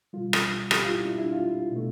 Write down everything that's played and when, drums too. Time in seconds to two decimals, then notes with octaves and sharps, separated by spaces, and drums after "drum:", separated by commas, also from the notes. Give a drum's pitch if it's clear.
0.13 B2 G3 F4
0.33 drum: rim click
0.71 G4, drum: rim click
0.82 F4
0.93 E4
1.05 D4
1.18 E4
1.32 F4
1.72 B2 A3